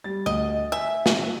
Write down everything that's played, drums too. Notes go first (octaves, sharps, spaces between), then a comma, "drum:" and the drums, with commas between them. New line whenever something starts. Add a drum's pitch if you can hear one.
G3 A6
D2 D#5
E5 G#5
drum: snare